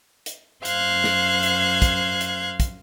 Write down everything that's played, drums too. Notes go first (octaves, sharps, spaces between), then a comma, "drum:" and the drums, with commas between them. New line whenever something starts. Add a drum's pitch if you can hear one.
drum: hi-hat
F#2 C5 F5 F#6 G#6, drum: hi-hat
drum: snare
drum: hi-hat
drum: kick, hi-hat
drum: hi-hat
drum: kick, hi-hat